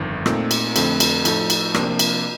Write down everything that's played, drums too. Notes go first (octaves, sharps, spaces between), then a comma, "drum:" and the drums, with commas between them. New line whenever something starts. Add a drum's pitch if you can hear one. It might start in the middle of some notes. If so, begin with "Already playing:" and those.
Already playing: G1 F2 D#3
A#2 A3 C4 D#4, drum: rim click
drum: cymbal
F2 D3 A3 C4, drum: cymbal
drum: cymbal
A2 F3 A3 D#4 A4, drum: cymbal
drum: cymbal
C3 F3 A#3 D4 F4, drum: rim click
drum: cymbal